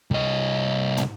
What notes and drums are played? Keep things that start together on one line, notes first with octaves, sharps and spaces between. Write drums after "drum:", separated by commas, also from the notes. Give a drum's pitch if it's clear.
C2 D#5, drum: kick
drum: tom